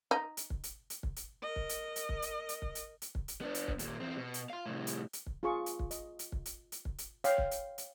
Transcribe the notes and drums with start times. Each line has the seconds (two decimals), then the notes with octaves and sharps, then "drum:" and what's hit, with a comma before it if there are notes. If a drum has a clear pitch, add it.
0.11 D#4
0.37 drum: hi-hat
0.50 drum: kick
0.64 drum: hi-hat
0.90 drum: hi-hat
1.03 drum: kick
1.16 drum: hi-hat
1.42 A#4 D#5
1.56 drum: kick
1.69 drum: hi-hat
1.96 drum: hi-hat
2.09 drum: kick
2.22 drum: hi-hat
2.49 drum: hi-hat
2.62 drum: kick
2.75 drum: hi-hat
3.02 drum: hi-hat
3.15 drum: kick
3.28 drum: hi-hat
3.41 B3 D4
3.55 drum: hi-hat
3.68 drum: kick
3.79 D#2 A#2, drum: hi-hat
4.00 E2 C4
4.17 B2
4.34 drum: hi-hat
4.50 F5 C6
4.66 C2 A2
4.87 drum: hi-hat
5.13 drum: hi-hat
5.26 drum: kick
5.43 F4 G#4 C#6
5.66 drum: hi-hat
5.79 drum: kick
5.91 D#5, drum: hi-hat
6.19 drum: hi-hat
6.32 drum: kick
6.46 drum: hi-hat
6.72 drum: hi-hat
6.85 drum: kick
6.98 drum: hi-hat
7.24 C#5 F5 G5, drum: hi-hat
7.38 drum: kick
7.51 drum: hi-hat
7.78 drum: hi-hat